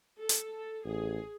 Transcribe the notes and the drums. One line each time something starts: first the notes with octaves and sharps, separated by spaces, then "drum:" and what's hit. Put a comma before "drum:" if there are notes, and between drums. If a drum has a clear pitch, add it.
A4
drum: hi-hat
A1 G#4